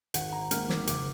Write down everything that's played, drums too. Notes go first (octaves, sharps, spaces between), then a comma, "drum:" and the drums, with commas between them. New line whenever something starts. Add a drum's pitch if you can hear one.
G#1 F#5, drum: hi-hat
A#5
G#2 D#3 A#3 F6, drum: hi-hat
D6, drum: snare
F#1 D6, drum: hi-hat